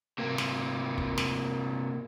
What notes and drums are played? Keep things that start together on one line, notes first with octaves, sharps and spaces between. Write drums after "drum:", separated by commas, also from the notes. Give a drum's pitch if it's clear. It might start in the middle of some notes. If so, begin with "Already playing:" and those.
C3 A#3
drum: snare
drum: kick
drum: snare